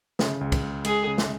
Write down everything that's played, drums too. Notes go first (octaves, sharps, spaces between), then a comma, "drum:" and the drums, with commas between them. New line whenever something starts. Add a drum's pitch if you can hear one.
C#3, drum: snare
C#2
drum: kick, cymbal
C#2
G#3 G#4, drum: cymbal
C#3
drum: snare